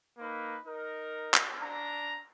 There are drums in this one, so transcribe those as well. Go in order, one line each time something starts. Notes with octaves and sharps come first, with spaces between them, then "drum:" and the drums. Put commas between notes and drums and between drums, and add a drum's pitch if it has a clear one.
A#3 D#4 B4
D#4 A#4
drum: clap
D4 A#5